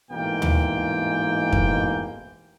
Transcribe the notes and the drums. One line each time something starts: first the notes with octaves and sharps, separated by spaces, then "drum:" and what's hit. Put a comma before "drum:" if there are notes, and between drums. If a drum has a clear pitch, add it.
A1 G#2 B2 E3 A#3 G5
drum: tom
drum: kick F2